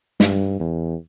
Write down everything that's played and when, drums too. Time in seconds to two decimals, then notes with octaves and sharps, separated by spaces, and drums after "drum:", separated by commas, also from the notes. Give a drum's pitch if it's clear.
0.20 G2, drum: snare
0.60 E2